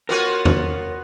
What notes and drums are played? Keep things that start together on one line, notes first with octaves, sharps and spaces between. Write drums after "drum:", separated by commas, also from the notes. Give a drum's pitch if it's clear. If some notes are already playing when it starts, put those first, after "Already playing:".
B3 F4 F#4 A#4 C#5
drum: tom E2